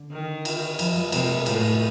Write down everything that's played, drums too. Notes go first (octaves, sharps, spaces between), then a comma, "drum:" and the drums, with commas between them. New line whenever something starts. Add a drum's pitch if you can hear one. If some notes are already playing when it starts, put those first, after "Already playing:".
Already playing: D3
D#3
drum: cymbal
F3, drum: cymbal
G3
C3 A3, drum: cymbal
A#3
A3
A#3
A3
A2 A#3, drum: cymbal
A3